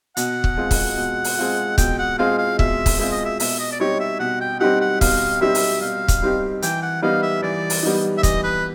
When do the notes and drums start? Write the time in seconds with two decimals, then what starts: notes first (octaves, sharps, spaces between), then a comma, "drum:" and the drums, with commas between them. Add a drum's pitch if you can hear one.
0.17 B2 F#5, drum: hi-hat
0.44 drum: kick
0.57 G#3 C4 F4
0.71 drum: kick, open hi-hat
0.97 B2
1.24 drum: open hi-hat
1.38 G#3 C4 F4
1.78 B2 G5, drum: kick, hi-hat
1.99 F#5
2.19 G#3 C4 F4 F5
2.38 F5
2.59 B2 E5, drum: kick
2.86 drum: kick, open hi-hat
2.99 G#3 C4 F4 E5
3.12 D#5
3.25 E5
3.40 B2 E5, drum: open hi-hat
3.59 D#5
3.72 D5
3.80 G3 C4 D#4 G4 C#5
4.00 E5
4.20 B2 F#5
4.41 G5
4.60 G3 C4 D#4 G4 F#5
4.81 F#5
5.01 B2 F5, drum: kick, open hi-hat
5.41 G3 C4 D#4 G4 E5
5.55 drum: open hi-hat
5.81 B2 F5
6.08 drum: kick, hi-hat
6.22 G3 C4 D#4 G4
6.62 E3 G5, drum: hi-hat
6.83 F#5
7.02 G3 B3 D#4 F5
7.23 E5
7.42 E3 D5
7.70 drum: open hi-hat
7.83 G3 B3 D#4
8.18 E5
8.23 E3 D#5, drum: kick, hi-hat
8.44 B4